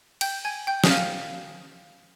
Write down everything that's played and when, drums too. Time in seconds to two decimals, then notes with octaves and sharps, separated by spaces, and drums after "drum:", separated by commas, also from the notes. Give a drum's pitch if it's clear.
0.21 G5 G6, drum: cymbal
0.45 G#5 G#6
0.67 G5 G6
0.84 D#6, drum: snare
0.90 F5 F6